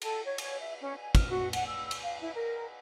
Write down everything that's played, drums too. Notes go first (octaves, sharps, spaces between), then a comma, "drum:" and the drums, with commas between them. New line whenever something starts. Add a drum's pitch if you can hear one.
A4, drum: cymbal
C#5
drum: cymbal
E5
C#4
G#5
F6, drum: kick, cymbal
F#4
F#5, drum: cymbal
E6
drum: cymbal
F5
E4
A#4